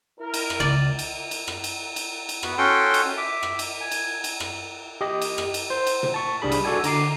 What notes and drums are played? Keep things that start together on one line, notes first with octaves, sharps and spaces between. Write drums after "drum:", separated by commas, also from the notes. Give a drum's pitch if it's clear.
E4 A#4
drum: cymbal
drum: rim click
C#2 D5
drum: cymbal
drum: cymbal
drum: rim click
drum: cymbal
drum: cymbal
drum: cymbal
B3 E4 F#4, drum: rim click
C#4 F#4 A4 G5 C6
drum: cymbal
E5 D6
drum: rim click
drum: cymbal
G#5
drum: cymbal
drum: cymbal
drum: rim click
G4 D#5
drum: cymbal
drum: rim click
drum: cymbal
C5
drum: cymbal
drum: tom
A5 C#6
C2 G3 D4 G#4 B5
drum: cymbal
F#4 A4 D5 G#5
D3 A#5 D6 C7, drum: cymbal